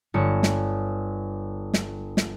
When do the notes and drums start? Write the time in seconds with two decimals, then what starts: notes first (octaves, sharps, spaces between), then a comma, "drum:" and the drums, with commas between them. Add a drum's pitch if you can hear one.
0.14 G1 C#5 C#7
0.43 drum: snare
1.74 drum: snare
2.17 drum: snare